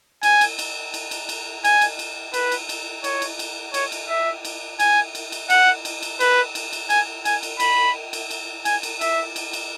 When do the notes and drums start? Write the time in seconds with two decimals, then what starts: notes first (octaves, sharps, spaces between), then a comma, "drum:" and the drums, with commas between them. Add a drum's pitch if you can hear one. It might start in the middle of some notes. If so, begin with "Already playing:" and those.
0.23 G#5, drum: cymbal
0.41 drum: cymbal
0.59 drum: cymbal
0.94 drum: cymbal
1.11 drum: cymbal
1.29 drum: cymbal
1.64 G#5, drum: cymbal
1.81 drum: cymbal
1.99 drum: cymbal
2.34 B4, drum: cymbal
2.52 drum: cymbal
2.69 drum: cymbal
3.04 C#5, drum: cymbal
3.22 drum: cymbal
3.39 drum: cymbal
3.74 C#5, drum: cymbal
3.92 drum: cymbal
4.09 E5
4.45 drum: cymbal
4.80 G#5, drum: cymbal
5.15 drum: cymbal
5.32 drum: cymbal
5.50 F#5, drum: cymbal
5.85 drum: cymbal
6.02 drum: cymbal
6.20 B4, drum: cymbal
6.55 drum: cymbal
6.73 drum: cymbal
6.90 G#5, drum: cymbal
7.25 G#5, drum: cymbal
7.43 drum: cymbal
7.60 B5, drum: cymbal
8.13 drum: cymbal
8.31 drum: cymbal
8.65 G#5, drum: cymbal
8.83 drum: cymbal
9.01 E5, drum: cymbal
9.36 drum: cymbal
9.53 drum: cymbal